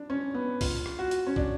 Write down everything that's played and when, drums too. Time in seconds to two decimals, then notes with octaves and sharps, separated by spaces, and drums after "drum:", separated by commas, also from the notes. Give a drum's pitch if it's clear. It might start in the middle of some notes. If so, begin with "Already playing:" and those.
Already playing: D4
0.10 C#4
0.34 B3
0.61 F4, drum: kick, open hi-hat
0.86 drum: rim click
0.99 F#4
1.11 drum: hi-hat
1.27 C#4
1.36 D4, drum: kick